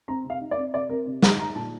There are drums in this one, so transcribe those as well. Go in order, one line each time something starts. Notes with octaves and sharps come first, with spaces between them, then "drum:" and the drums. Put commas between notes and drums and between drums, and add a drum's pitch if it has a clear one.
C4 A#5
C3
F5
D#4
D5
C4
C3 D5
C4 A#4
C3
D#4 A#5, drum: snare
D#4 A#5
A#2 A5